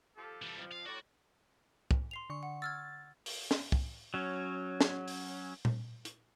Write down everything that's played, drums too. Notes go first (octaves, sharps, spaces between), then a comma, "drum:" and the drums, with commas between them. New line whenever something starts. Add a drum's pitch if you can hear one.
F3 G4 A4
E3 G3
F2 F3
F5
A2 F#4 C#5 D5
drum: kick
C6 C7 F7
D3 C#6
F#5
E6 F6 G#6 A6
drum: open hi-hat
drum: snare
drum: kick
F#3 C#4
drum: snare
drum: open hi-hat
drum: tom A#2
drum: hi-hat